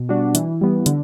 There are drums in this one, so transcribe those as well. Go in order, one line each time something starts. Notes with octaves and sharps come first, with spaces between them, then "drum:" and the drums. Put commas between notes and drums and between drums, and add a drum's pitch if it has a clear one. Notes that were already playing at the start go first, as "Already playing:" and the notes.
Already playing: B2
G3 D4 F#4
E3, drum: hi-hat
G3 B3
D3, drum: hi-hat